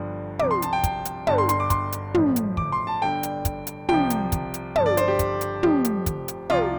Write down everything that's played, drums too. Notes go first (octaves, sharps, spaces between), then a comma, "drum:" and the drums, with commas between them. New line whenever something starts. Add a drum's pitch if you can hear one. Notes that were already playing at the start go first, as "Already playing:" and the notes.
Already playing: G1 G2 D3 F3
C2 C3 F3 D6, drum: tom
C6
A5, drum: hi-hat
G5
drum: kick, hi-hat
drum: hi-hat
G1 G2 D3 A5, drum: tom
C6
C6, drum: hi-hat
D6
C6, drum: kick, hi-hat
drum: hi-hat
A1 A2 F3, drum: tom
drum: hi-hat
D6, drum: kick
C6
A5
G1 G2 D3 G5
drum: hi-hat
drum: kick, hi-hat
drum: hi-hat
C2 C3 F3 G5, drum: tom
drum: hi-hat
drum: kick, hi-hat
drum: hi-hat
G1 G2 D3 F3 A5, drum: tom
D5
C5, drum: hi-hat
G4
drum: kick, hi-hat
drum: hi-hat
F1 F2 F3 G4, drum: tom
drum: hi-hat
drum: kick, hi-hat
drum: hi-hat
C2 C3 F3 F4, drum: tom